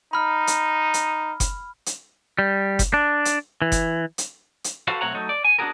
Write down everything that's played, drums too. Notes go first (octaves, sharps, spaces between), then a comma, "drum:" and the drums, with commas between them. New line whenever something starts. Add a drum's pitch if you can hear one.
D#4 B5 F6
drum: hi-hat
drum: hi-hat
drum: kick F#1, hi-hat
drum: hi-hat
G3
drum: kick F#1, hi-hat
D4
drum: hi-hat
E3
drum: kick F#1, hi-hat
drum: hi-hat
drum: hi-hat
F#4 A4 B4 C5 F5 F#5
B1 A3 C4 C#5 F#5 A#5
F#3 A3 D#4
D5
G#5
B3 D4 D#4 F#4 G#4 A#4